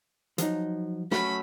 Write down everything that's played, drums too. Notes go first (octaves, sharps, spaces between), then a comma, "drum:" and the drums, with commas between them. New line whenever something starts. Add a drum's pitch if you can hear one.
F3 F#3 D#4, drum: hi-hat
F#3 A3 C#4 B5, drum: snare